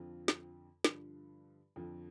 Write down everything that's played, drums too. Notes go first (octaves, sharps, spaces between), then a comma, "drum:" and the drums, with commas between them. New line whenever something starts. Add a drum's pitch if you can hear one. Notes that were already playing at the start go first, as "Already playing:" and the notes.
Already playing: F2 D3 F3 C4 F4
drum: snare
G2 D3 F3, drum: snare
F2 D3 F3 F4 A4